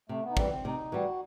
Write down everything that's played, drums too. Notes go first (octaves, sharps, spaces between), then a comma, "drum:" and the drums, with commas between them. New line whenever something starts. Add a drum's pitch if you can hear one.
C3 A3
B3
D#4
E3 G3 C4, drum: kick
C4
C3 D#4
E3 G3 F#4